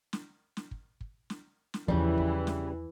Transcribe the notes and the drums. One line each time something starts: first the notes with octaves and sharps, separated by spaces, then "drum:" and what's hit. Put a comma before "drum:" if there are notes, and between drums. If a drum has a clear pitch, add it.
drum: snare
drum: snare
drum: kick
drum: kick
drum: snare
drum: snare
E2 C#3 E3 F3 G3, drum: kick
drum: kick
drum: snare